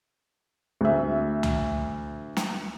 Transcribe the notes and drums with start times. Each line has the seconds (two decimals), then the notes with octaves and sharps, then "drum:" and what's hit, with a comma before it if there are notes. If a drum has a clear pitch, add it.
0.81 D2 E5
1.43 drum: tom C#2
2.37 drum: snare